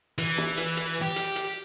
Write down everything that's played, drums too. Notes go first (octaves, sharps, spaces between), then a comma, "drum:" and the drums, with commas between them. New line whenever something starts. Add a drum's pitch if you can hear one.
E3, drum: hi-hat
drum: snare
drum: hi-hat
drum: hi-hat
G4
drum: hi-hat
drum: hi-hat